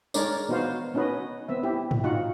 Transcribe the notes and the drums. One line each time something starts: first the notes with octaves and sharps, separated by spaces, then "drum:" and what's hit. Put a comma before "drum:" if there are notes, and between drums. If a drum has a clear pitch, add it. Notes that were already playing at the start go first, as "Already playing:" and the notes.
G#3 D4 D#4 A#4 C#5 D5, drum: tambourine
B3 D#4 F#4 C5 F5
B3 C#4 D#4 F#4 B4 D#5
B3 C4 E5
E4 G4
drum: tom G#2
D#4 F4 F#4 F#5